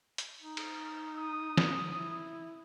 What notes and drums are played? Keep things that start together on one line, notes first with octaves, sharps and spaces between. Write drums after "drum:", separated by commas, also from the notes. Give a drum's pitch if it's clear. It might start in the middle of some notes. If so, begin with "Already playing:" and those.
drum: hi-hat
D#4
drum: cymbal
D#6
drum: snare
E4